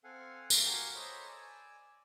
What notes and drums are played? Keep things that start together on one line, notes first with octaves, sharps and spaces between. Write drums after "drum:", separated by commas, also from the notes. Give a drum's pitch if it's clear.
C4 A4 F5 F#5 G#5
A3 A#3 E4 F5 D6, drum: tambourine
F#4 G4 A#4 F5 G5 G#5
A4 C5 C#5 D#5 A#5 B5
D5 G#5 E6